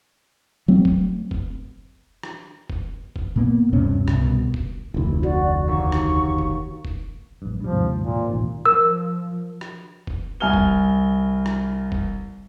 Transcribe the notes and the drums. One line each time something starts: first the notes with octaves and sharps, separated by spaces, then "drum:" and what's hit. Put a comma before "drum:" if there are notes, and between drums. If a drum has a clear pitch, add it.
F#3 A3 C4
drum: kick F1
drum: kick F1
drum: rim click
drum: kick F1
drum: kick F1
A#2 A#3 B3
D#1 G2 C3 C#4
C2 B2, drum: rim click
drum: kick F1
F1 D2 E4
F#4 D5
D#2 C#6
drum: rim click
drum: kick F1
drum: kick F1
A#1 G2
G2 F3 G3
D#2 G#2 C3
A#2
E1 A1 D#2
F3 A#4 E6
drum: rim click
drum: kick F1
C2 G#5 F6 G7
drum: kick F1
drum: rim click
drum: kick F1